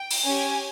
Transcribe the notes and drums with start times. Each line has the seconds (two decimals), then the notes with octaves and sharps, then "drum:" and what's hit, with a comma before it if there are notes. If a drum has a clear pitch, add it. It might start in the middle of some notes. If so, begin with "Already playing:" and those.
Already playing: G5
0.10 drum: open hi-hat
0.24 C#4 G4 G#5